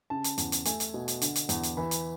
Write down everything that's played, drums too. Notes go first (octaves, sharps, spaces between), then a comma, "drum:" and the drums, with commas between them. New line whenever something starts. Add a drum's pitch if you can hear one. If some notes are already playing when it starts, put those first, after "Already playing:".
C#3 A5
drum: hi-hat
E2, drum: hi-hat
drum: hi-hat
A3 G#5, drum: hi-hat
drum: hi-hat
B2
drum: hi-hat
D3, drum: hi-hat
drum: hi-hat
E2, drum: hi-hat
drum: hi-hat
E3 B5
drum: hi-hat